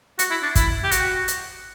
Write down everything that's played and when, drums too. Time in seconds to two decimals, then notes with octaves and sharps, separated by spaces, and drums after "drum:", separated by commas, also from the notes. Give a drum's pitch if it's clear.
0.19 F#4, drum: hi-hat
0.30 E4
0.43 D4
0.56 E4, drum: kick, hi-hat
0.84 G4
0.92 F#4, drum: hi-hat
1.28 drum: hi-hat